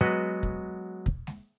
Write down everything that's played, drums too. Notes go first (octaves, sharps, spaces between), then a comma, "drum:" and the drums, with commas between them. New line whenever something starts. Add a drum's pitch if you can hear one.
F#3 G#3 B3 F#4 B4 D#5
drum: kick
drum: kick
drum: snare G#3